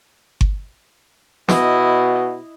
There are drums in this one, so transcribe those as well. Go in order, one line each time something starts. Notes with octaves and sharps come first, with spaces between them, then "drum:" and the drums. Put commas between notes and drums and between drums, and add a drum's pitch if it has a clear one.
drum: kick G1
B2 E4 D#5, drum: snare